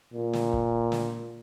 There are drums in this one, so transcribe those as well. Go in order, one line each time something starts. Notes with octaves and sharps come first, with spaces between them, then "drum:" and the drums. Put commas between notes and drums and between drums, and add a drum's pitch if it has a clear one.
A#2
drum: snare
drum: kick
drum: snare